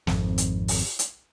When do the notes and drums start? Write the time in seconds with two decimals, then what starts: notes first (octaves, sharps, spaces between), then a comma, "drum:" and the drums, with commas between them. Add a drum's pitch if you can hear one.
0.07 G#1 F2, drum: snare
0.38 drum: hi-hat
0.68 drum: open hi-hat
0.99 drum: hi-hat